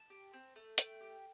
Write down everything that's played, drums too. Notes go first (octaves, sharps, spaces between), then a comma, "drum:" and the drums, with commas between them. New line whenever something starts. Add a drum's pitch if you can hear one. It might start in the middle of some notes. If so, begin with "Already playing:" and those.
Already playing: A5
G4
C4
A3
A3 G5, drum: hi-hat
G4